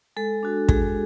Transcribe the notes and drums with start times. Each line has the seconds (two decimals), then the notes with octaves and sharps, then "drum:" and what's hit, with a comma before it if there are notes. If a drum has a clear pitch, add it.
0.16 G#3 A4
0.43 D4 F#4
0.69 G#3 G#4, drum: kick